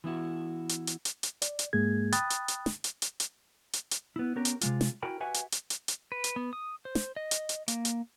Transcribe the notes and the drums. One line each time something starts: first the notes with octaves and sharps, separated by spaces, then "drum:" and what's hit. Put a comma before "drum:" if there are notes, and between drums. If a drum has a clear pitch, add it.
E3 B3 E4 F#4
drum: hi-hat
drum: hi-hat
drum: hi-hat
drum: hi-hat
D5, drum: hi-hat
drum: hi-hat
G#2 G#3 A#3 G#4 G#6
G5 B5 D#6 F#6 A6, drum: hi-hat
drum: hi-hat
drum: hi-hat
drum: snare
drum: hi-hat
drum: hi-hat
drum: hi-hat
drum: hi-hat
drum: hi-hat
B3 E4
B3 C#4 G4 A#4
drum: hi-hat
C3 G#3 F4, drum: hi-hat
drum: snare
E4 F#4 A#4 G5 G#5 B5
F#4 G4 B4 E5 F#5 G#5
drum: hi-hat
drum: hi-hat
drum: hi-hat
drum: hi-hat
B4
drum: hi-hat
B3
D#6
C5
drum: snare
D#5
drum: hi-hat
drum: hi-hat
A#3, drum: hi-hat
drum: hi-hat